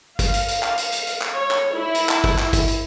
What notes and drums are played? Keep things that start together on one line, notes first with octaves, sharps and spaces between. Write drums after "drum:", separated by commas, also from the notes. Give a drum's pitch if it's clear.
F5, drum: kick, hi-hat
drum: hi-hat
drum: hi-hat
drum: clap
drum: hi-hat
drum: hi-hat
drum: hi-hat
drum: clap
C#5
drum: clap
E4
drum: hi-hat
drum: clap
drum: kick, open hi-hat
drum: clap
drum: kick, hi-hat
drum: hi-hat